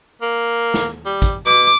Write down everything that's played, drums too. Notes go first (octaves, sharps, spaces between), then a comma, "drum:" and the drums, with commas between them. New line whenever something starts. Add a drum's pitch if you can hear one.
A#3
drum: snare
G3
drum: kick, hi-hat
B2 D6